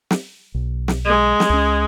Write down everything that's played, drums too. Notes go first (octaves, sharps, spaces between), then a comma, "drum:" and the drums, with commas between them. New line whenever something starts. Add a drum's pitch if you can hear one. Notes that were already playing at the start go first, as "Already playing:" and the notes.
drum: snare
B1
drum: snare
G#3
drum: snare
C#2 C#4